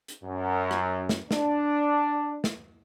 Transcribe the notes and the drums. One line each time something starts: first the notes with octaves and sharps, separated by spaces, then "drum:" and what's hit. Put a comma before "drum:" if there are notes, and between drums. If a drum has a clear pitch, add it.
drum: hi-hat
F#2
drum: rim click
drum: snare
D4, drum: snare
drum: snare